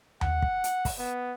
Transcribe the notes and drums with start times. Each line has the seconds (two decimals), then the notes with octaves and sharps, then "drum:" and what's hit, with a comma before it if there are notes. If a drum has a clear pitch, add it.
0.21 F#5, drum: tom D#2
0.42 drum: kick
0.64 drum: hi-hat
0.85 drum: kick, open hi-hat
0.98 B3